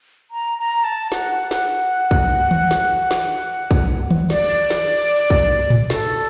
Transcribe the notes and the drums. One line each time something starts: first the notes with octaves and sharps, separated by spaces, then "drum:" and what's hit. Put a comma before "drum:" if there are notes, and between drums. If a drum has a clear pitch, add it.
A#5
A#5
A5
F#5, drum: snare
drum: snare
drum: kick
drum: tom
drum: snare
drum: snare
drum: kick
drum: tom
D5, drum: snare
drum: snare
drum: kick
drum: tom A2
A4, drum: snare